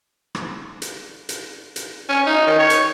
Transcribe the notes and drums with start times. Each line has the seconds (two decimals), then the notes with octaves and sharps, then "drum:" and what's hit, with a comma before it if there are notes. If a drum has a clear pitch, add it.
0.35 drum: rim click
0.82 drum: hi-hat
1.29 drum: hi-hat
1.76 drum: hi-hat
2.09 C#4
2.26 D#4
2.46 D#3
2.59 C#5
2.70 drum: hi-hat